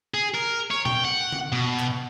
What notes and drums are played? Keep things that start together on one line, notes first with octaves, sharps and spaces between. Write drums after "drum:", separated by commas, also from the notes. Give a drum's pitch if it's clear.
G#4
A#4
C#5
G5, drum: tom A#2
F#5
drum: tom D3
B2
drum: clap